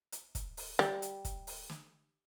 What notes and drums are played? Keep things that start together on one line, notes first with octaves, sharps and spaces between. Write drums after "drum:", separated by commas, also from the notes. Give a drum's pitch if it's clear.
drum: hi-hat
drum: kick, hi-hat
drum: open hi-hat
G3, drum: snare
drum: hi-hat
drum: kick, hi-hat
drum: open hi-hat
drum: snare